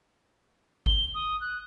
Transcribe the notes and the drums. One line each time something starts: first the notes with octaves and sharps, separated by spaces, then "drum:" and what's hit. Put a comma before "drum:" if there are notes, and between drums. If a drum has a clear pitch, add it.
G7, drum: kick G#1
D#6
F#6